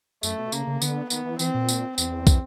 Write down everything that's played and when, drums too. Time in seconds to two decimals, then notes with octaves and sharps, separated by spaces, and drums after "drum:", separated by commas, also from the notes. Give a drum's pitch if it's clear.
0.23 F#2 A3, drum: tambourine
0.38 B2
0.52 C#3 A#3, drum: tambourine
0.67 C#3
0.82 D3 B3, drum: tambourine
1.10 D#3 B3, drum: tambourine
1.25 E3
1.39 E3 C4, drum: tambourine
1.54 A#2
1.69 drum: tambourine
1.98 E2 C4, drum: tambourine
2.27 drum: kick, tambourine